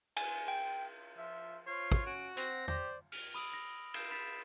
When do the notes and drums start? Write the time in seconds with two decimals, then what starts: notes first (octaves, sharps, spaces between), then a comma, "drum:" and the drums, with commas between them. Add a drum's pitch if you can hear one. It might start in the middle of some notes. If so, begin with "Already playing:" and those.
0.17 G#5, drum: cymbal
0.48 G5
1.18 F3 E5
1.67 F4 C5 C#5 C7
1.92 drum: kick
2.06 C#4 F#4 D7
2.37 C4 F#5 A#6, drum: hi-hat
2.68 G4 C5 D5, drum: tom E2
3.12 F6 F7, drum: open hi-hat
3.34 B5 D#6 E6 D7 F#7
3.52 A#6 F7
3.94 E6 G6 G#6 C7 D7 E7, drum: cymbal
4.11 B5 A6 B6 E7